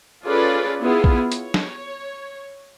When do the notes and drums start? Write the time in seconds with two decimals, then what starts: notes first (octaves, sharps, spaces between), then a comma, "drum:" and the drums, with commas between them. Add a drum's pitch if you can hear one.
0.24 C#4 F4 G#4 A4 B4 D5
0.82 B3 E4 F4 G#4
1.04 drum: kick A#1
1.32 C#5, drum: hi-hat
1.54 drum: snare